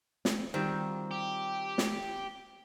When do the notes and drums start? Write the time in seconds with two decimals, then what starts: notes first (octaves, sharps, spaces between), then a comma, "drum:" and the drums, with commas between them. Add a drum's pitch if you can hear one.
0.25 C4, drum: snare
0.54 D#3 G3 C4 F4 F#4
1.11 G4
1.78 drum: snare